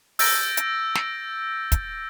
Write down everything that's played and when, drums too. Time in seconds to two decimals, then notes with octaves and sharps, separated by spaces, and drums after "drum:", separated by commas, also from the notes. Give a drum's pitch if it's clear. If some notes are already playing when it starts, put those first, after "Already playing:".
0.19 E6 G6 A6 A#6 D7, drum: open hi-hat
0.57 drum: hi-hat
0.95 drum: snare
1.72 drum: kick, hi-hat